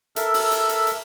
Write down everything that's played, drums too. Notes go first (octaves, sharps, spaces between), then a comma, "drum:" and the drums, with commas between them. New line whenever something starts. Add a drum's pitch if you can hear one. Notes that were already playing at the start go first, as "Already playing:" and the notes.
A4 A#4 E5, drum: hi-hat
drum: open hi-hat
drum: hi-hat
drum: hi-hat
drum: hi-hat